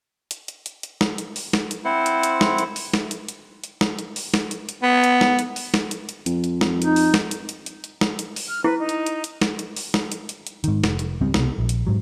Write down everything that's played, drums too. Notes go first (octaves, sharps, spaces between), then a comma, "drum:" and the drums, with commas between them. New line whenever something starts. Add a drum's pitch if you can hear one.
drum: hi-hat
drum: hi-hat
drum: hi-hat
drum: hi-hat
drum: snare
drum: hi-hat
drum: open hi-hat
drum: snare
drum: hi-hat
C4 E4 C5 F#5
drum: hi-hat
drum: hi-hat
drum: snare
drum: hi-hat
drum: open hi-hat
drum: snare
drum: hi-hat
drum: hi-hat
drum: hi-hat
drum: snare
drum: hi-hat
drum: open hi-hat
drum: snare
drum: hi-hat
drum: hi-hat
B3
drum: hi-hat
drum: snare
drum: hi-hat
drum: open hi-hat
drum: snare
drum: hi-hat
drum: hi-hat
F2, drum: hi-hat
drum: hi-hat
drum: snare
D#4, drum: hi-hat
drum: open hi-hat
drum: snare
drum: hi-hat
drum: hi-hat
drum: hi-hat
drum: hi-hat
drum: snare
drum: hi-hat
drum: open hi-hat
F6
E4 B4
D#4
drum: hi-hat
drum: hi-hat
drum: hi-hat
drum: snare
drum: hi-hat
drum: open hi-hat
drum: snare
drum: hi-hat
drum: hi-hat
drum: hi-hat
G#2 D#3, drum: hi-hat
F1, drum: snare
drum: hi-hat
G#1 C#2 G3 C4
C2 B2, drum: snare
A#1
drum: hi-hat
G#2 F#3